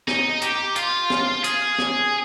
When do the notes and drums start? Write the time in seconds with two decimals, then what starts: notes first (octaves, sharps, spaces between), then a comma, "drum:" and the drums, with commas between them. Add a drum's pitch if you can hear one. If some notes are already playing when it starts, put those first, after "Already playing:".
0.08 D#4, drum: snare
0.42 G4, drum: hi-hat
0.76 F4, drum: hi-hat
1.10 drum: snare
1.44 G#4, drum: hi-hat
1.79 drum: snare